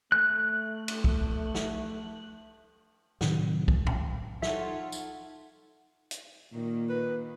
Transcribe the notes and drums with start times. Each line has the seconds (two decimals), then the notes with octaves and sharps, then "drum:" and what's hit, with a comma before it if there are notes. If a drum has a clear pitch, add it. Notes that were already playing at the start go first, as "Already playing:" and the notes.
0.12 A3 F#6
0.88 drum: cymbal
1.04 drum: kick
1.55 drum: snare
3.21 A2 C3 D#3 F#3, drum: snare
3.68 drum: kick
3.87 drum: tom A2
4.42 D#4 F4 A4 C#5 E5 F#5, drum: snare
4.92 drum: tambourine
6.11 drum: hi-hat
6.53 A#2 D#3 A#3
6.89 B4